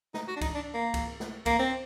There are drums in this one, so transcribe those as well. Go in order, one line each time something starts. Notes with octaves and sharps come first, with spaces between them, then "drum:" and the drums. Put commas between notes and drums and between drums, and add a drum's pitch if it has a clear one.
D#4, drum: snare
F#4
D4
D#4, drum: kick C#2, cymbal
D4
A#3
drum: kick C#2, cymbal
drum: snare
A#3, drum: kick C#2, cymbal
C4